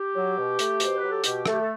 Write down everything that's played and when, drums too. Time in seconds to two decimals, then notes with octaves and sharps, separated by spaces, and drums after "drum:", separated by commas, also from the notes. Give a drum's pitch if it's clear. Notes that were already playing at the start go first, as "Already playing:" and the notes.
Already playing: G4
0.15 F#3
0.37 B2
0.59 A3, drum: hi-hat
0.80 B2 C5, drum: hi-hat
0.98 F#3 B4
1.11 A4
1.24 B2 G4, drum: hi-hat
1.46 A3 A4, drum: rim click
1.53 G4
1.60 A4